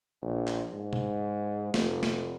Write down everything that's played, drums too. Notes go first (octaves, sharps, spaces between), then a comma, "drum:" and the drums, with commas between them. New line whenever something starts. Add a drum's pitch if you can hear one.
A#1
drum: clap
G#2
drum: tom B2
F1, drum: snare
drum: snare